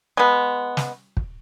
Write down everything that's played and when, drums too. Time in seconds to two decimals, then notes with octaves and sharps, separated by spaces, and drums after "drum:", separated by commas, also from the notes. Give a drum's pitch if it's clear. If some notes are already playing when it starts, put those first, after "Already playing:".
0.17 G#3 B3
0.77 drum: snare
1.17 drum: kick